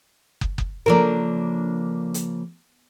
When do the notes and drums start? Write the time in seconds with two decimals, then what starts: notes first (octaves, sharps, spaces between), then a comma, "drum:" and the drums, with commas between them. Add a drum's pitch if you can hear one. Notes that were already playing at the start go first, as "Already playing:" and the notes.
0.41 drum: kick
0.58 drum: kick
0.86 C#3 F3 A#3 D4 A4 A#4
2.14 drum: hi-hat